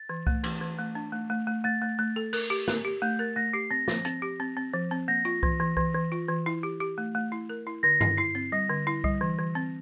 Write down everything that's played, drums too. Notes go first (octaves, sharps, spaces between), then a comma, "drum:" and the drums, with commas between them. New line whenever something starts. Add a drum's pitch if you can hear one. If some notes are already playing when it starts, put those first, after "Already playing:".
Already playing: A6
E3
A3, drum: kick C2
E3, drum: cymbal
E3
A3
D4
A3
A3
A3
A3 A6
A3
A3
A4
A#4, drum: cymbal
G4
A#4, drum: snare
G4
A3 G6
A#4 A6
A3 A#6
G4 C7
C4 A#6
F3, drum: snare
C4, drum: hi-hat
G4
C4
C4
F3
C4
A#3 A#6
F4
E3, drum: kick C2
E3
E3, drum: kick C2
E3
F4
E3
E4
G4
G4
A3
A3
E4
A#4
E4
D3 A#6
E4, drum: tom G2
E4 C7
C4
G3 A#6
D3
E4
G3, drum: kick C2
E3
E3
C4